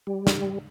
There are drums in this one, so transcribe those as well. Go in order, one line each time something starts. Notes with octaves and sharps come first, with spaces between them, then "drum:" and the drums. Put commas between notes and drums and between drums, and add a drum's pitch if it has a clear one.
G3
drum: snare